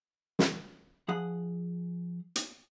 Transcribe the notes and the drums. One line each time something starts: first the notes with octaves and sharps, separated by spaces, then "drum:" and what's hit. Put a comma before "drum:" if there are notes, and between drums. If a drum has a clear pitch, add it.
drum: snare
F3 G#4 F#5
drum: hi-hat